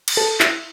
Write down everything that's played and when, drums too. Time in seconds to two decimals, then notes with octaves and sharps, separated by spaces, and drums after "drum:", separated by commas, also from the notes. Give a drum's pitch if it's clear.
0.08 drum: cymbal
0.17 A4
0.40 E4, drum: clap